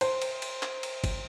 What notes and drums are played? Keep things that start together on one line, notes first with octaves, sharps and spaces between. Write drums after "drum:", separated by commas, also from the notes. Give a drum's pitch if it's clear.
C5, drum: cymbal
drum: cymbal
drum: cymbal
drum: clap
drum: cymbal
drum: kick, cymbal